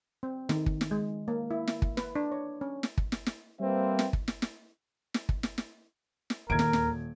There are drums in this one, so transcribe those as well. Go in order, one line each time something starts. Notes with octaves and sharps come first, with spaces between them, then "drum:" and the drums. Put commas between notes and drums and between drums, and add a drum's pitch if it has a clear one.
C4
D#3, drum: snare
drum: kick
drum: snare
G#3
A#3
E4
drum: snare
drum: kick
B4, drum: snare
D4
C#5
C#4
drum: snare
drum: kick
drum: snare
drum: snare
G3 A#3 C4 B4 C5 E5
drum: snare
drum: kick
drum: snare
drum: snare
drum: snare
drum: kick
drum: snare
drum: snare
drum: snare
D#1 D#2 A#4 G#6 D7
drum: snare
drum: snare